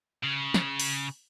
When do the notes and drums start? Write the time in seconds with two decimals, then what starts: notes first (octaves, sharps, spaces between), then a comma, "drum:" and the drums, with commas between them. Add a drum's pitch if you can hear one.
0.23 C#3
0.54 drum: snare
0.80 drum: open hi-hat